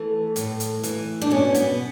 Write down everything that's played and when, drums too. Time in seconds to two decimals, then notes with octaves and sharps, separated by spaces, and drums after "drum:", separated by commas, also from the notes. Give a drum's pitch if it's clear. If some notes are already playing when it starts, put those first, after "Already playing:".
Already playing: E3 A3
0.36 A2, drum: hi-hat
0.60 drum: hi-hat
0.83 E3, drum: hi-hat
1.22 D4
1.31 B2 C#4
1.55 B3, drum: hi-hat